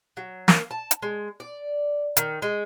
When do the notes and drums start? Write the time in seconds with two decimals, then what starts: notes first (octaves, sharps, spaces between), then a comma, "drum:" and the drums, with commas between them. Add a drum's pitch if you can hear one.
0.17 F#3
0.48 A#3, drum: snare
0.71 A5
0.91 drum: hi-hat
1.02 G#3
1.40 D5
2.17 D#3, drum: hi-hat
2.42 G#3